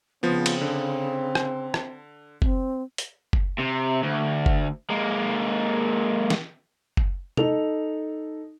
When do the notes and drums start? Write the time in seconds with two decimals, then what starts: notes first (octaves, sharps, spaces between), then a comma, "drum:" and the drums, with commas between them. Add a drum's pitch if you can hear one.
0.23 C#3 F3 B3 C4
0.46 drum: cymbal
0.61 D3
1.35 drum: rim click
1.74 drum: rim click
2.42 C4, drum: kick F#1
2.98 drum: hi-hat
3.33 drum: kick F#1
3.58 C3
4.02 D2
4.46 drum: kick F#1
4.90 G#3 A#3
6.30 drum: snare
6.97 drum: kick F#1
7.37 D#4 A4 F7, drum: tom